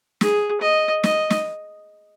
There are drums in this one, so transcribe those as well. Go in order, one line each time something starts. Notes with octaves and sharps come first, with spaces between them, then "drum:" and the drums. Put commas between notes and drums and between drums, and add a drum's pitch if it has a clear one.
G#4, drum: snare
D#5
D#5, drum: snare
drum: snare